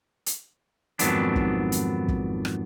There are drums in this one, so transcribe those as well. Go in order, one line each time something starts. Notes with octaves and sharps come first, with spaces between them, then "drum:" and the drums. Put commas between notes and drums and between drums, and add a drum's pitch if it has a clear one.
drum: hi-hat
F2 G#2 D#3 F#3 B3 D4, drum: hi-hat
drum: kick
drum: hi-hat
drum: kick
drum: rim click